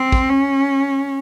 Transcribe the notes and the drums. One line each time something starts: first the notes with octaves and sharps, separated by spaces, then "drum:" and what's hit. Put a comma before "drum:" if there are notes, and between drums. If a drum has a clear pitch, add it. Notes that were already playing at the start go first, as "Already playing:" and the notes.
Already playing: C4
drum: kick
C#4